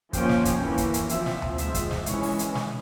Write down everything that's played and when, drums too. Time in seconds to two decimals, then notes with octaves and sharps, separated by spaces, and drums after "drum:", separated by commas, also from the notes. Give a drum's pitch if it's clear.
0.13 F3 A#3 C#4 G5, drum: kick, hi-hat
0.29 drum: snare
0.45 drum: kick, hi-hat
0.62 E3 A#3 C#4
0.78 drum: kick, hi-hat
0.94 drum: hi-hat
1.09 F3 C4 E5, drum: hi-hat
1.26 drum: snare
1.42 drum: tom D2
1.58 F3 G#3 C4 E5, drum: hi-hat
1.74 drum: kick, hi-hat
1.91 drum: snare
2.06 E3 G#3 C#4 C#5, drum: hi-hat
2.23 drum: open hi-hat
2.39 drum: hi-hat
2.55 drum: snare